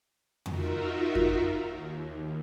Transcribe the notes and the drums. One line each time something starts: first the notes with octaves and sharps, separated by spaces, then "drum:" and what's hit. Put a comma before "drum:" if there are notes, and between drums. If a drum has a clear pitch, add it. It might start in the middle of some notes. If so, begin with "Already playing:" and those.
D#4 F4 F#4 A#4 E5, drum: tom F2
drum: kick F2
D#2